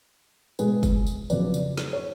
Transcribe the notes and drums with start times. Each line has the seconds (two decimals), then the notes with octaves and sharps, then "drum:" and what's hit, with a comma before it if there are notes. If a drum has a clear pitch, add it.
0.59 B2 G#3 G#4 B4, drum: tambourine
0.83 drum: kick F#1, tambourine
1.07 drum: tambourine
1.30 F2 C#3 F#3 B4 D5, drum: tambourine
1.54 drum: tambourine
1.77 drum: snare
1.93 C#5